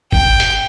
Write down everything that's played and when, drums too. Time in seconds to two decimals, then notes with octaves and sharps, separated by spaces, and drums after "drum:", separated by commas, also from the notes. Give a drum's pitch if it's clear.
0.12 G5, drum: kick
0.40 drum: hi-hat